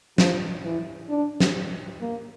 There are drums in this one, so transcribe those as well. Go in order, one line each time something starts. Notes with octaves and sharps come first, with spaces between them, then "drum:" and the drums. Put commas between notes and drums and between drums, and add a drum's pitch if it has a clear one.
F3, drum: snare
E3
D4
drum: snare
A#3